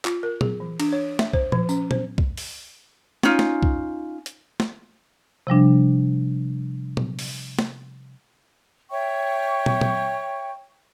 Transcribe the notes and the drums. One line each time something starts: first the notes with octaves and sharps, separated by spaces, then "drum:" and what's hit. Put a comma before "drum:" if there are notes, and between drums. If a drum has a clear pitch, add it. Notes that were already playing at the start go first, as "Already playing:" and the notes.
F4, drum: clap
A#4
G#4, drum: tom
E3
D4, drum: cymbal
C#5
E5, drum: snare
C5, drum: kick C2
F3, drum: tom A#2
C#4, drum: tambourine
C5, drum: tom
drum: kick C2
drum: open hi-hat
C#4 D#4 F4, drum: snare
drum: snare
drum: kick C2
drum: hi-hat
drum: snare
C3 F3 G3 D4
drum: tom
drum: open hi-hat
drum: snare
C#5 E5 G5 C#6
drum: tom
drum: tom